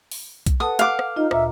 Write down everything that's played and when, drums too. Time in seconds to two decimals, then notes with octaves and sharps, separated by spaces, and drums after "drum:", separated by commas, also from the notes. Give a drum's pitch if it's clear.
0.11 drum: open hi-hat
0.46 drum: kick B1, hi-hat
0.60 A4 B4 F#5 A5 D#6
0.79 F5 D6 F#6, drum: hi-hat
0.99 drum: rim click
1.16 D#4 F4 D#5
1.31 D2 A#2 E5 A#5, drum: rim click